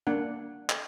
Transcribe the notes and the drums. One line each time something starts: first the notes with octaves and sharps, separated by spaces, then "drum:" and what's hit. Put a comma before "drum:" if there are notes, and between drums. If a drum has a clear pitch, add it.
A#3 D4 F#5
drum: clap